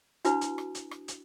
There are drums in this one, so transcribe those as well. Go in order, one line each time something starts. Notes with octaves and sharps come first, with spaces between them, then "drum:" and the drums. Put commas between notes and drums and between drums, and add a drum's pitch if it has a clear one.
D4 E4 F#4 B4, drum: hi-hat
drum: hi-hat
drum: rim click
drum: hi-hat
drum: rim click
drum: hi-hat